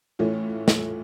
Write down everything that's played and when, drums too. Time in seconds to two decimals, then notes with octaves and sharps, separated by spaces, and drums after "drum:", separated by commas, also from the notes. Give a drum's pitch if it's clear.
0.19 A2 E3 A3 C#4 F4
0.68 drum: snare